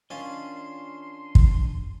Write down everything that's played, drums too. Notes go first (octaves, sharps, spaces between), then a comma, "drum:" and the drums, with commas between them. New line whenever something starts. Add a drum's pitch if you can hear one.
D#3 C#4 D4 F4 D#5 F5 C6
drum: kick